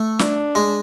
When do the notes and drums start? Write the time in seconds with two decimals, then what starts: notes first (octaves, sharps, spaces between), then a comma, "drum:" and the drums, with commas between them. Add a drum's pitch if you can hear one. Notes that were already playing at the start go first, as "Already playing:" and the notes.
Already playing: A3
0.19 D4, drum: snare
0.55 G#3